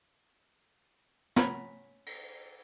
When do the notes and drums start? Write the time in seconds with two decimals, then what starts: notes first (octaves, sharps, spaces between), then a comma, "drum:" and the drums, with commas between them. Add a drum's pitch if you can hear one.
1.36 C#4 F#5 A#5 B5, drum: snare
2.06 drum: cymbal